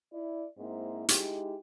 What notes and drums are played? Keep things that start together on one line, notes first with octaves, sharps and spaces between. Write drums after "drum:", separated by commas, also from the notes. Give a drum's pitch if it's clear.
E4 D5
G#2 A#3 C4 E4
G#3 D#4 E4 G4, drum: hi-hat